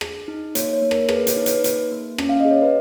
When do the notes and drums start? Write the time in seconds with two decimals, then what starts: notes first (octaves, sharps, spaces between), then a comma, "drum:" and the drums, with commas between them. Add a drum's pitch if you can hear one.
0.01 G#4, drum: rim click
0.28 D#4
0.55 A#3 C#5, drum: hi-hat
0.73 C#5
0.82 A#3
0.91 A#4, drum: rim click
1.09 G#4 B4, drum: rim click
1.27 C#5, drum: hi-hat
1.36 D#4
1.46 B4, drum: hi-hat
1.64 A#3, drum: hi-hat
1.91 A#3
2.18 C#4, drum: rim click
2.29 F5
2.40 G#4 D#5
2.51 C#5
2.62 B4